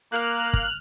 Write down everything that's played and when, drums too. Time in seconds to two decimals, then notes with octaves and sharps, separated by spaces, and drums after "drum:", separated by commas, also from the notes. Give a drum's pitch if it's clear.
0.12 A#3 F6 F#6
0.53 drum: kick